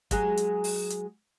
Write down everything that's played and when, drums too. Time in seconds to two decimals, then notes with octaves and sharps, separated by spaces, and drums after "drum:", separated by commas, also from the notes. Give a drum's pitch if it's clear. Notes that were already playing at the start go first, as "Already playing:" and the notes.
0.11 F#3 G#3 G#4, drum: kick, hi-hat
0.37 drum: hi-hat
0.64 drum: open hi-hat
0.90 drum: hi-hat